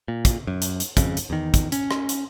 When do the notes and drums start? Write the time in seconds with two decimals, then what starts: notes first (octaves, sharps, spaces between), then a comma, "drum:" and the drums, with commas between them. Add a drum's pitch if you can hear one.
0.08 A#2
0.25 drum: kick, hi-hat
0.47 F#2
0.62 drum: hi-hat
0.80 drum: hi-hat
0.97 G#1 F2 C#3, drum: kick, hi-hat
1.17 drum: hi-hat
1.30 E2 D#3
1.54 drum: kick, hi-hat
1.72 C#4, drum: hi-hat
1.91 drum: rim click
2.09 drum: hi-hat